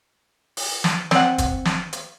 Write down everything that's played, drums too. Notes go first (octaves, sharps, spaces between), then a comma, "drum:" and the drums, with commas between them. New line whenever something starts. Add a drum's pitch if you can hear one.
drum: open hi-hat
drum: snare
C4 F#5, drum: snare
drum: kick, hi-hat
drum: snare
drum: hi-hat